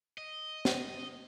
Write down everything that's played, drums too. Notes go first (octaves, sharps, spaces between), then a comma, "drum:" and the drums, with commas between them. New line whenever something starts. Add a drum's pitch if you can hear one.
D#5
drum: snare